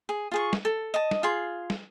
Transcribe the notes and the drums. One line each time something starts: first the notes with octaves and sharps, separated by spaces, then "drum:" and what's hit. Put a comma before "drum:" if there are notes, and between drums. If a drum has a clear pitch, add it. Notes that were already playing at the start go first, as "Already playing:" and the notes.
G#4
F4 G#4 C#6
drum: snare
A4
D#5 A5
drum: snare
F4 G#4 C6
drum: snare